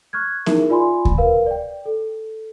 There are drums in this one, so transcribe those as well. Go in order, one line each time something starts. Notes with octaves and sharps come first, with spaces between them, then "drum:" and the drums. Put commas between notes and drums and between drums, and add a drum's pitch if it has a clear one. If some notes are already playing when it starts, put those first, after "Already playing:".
C#6 F6 F#6 G#6
D#4 E4 G#4 A#4 E5, drum: snare B3
F4 D5 G#5 B5 C6
drum: kick D2
A#4 B4 F5
D5 G5
A4